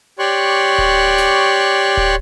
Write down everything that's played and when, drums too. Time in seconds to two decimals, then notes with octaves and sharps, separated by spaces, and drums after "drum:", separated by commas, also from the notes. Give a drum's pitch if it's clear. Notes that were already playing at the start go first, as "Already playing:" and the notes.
0.19 G4 C#5 D5 C6 C#6 F#6
0.78 drum: kick D1
1.18 drum: snare
1.97 drum: kick D1